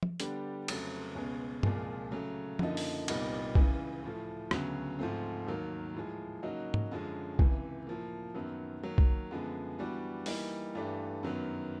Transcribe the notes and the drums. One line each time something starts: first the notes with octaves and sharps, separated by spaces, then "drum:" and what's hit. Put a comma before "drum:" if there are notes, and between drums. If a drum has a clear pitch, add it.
drum: tom F3
D3 G3 B3 D4 G4, drum: hi-hat
F2 C#3 F#3 A3, drum: cymbal
C#2 B2 G#3 C#4
C2 A#2 F3 G#3, drum: tom G2
C#3 F#3 A3
F#2 D3 F3 A#3 D#4, drum: tom F3
drum: open hi-hat
C2 A#2 G3 B3 D#4, drum: cymbal
C#2 C#3 E3, drum: kick B1
A2 F3 A3
D2 C#3 F#3 B3, drum: rim click
G#2 F3 A3 C4
D#2 D#3 F#3 A#3
A2 F3 G#3
C#3 F#3 A#3 D#4 F#4
drum: tom G#2
F#2 D3 F3 G#3 C#4
C#2 C3 E3, drum: kick B1
A2 F3 A#3
F#2 D#3 F#3 B3
D#3 F#3 A#3
drum: kick B1
F#2 D3 F3 G#3 B3
E3 G3 B3 D4 F#4
E3 G3 A#3 D#4, drum: open hi-hat
G2 E3 A3 D4 G4
F#2 D#3 F#3 B3